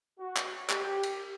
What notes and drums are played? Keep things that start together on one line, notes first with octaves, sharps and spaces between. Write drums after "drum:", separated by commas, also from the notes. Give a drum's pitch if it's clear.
F#4
drum: clap
G4, drum: clap
drum: cymbal